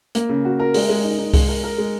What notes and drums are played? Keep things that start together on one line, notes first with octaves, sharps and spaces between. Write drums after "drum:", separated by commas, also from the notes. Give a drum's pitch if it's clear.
A#3, drum: hi-hat
C#3
F#4
A#4
G#3, drum: open hi-hat
G#3
D#4
D#4
G#3, drum: kick C2, open hi-hat
A#4
A#4
G#3